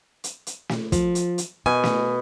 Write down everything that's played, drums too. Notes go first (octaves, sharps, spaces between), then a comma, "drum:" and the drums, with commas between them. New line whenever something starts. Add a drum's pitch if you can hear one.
drum: hi-hat
drum: hi-hat
drum: snare
F3, drum: kick, hi-hat
drum: hi-hat
drum: hi-hat
B2 G#5
drum: snare